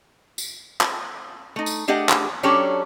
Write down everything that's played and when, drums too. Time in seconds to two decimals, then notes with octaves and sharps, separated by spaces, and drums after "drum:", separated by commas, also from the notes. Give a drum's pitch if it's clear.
0.38 drum: tambourine
0.81 drum: clap
1.56 A3 D#4
1.66 drum: tambourine
1.88 A3 D4 G4 G#4 D#5 F#5
2.09 drum: clap
2.43 F#3 C#4 D4 G4 A4 C#5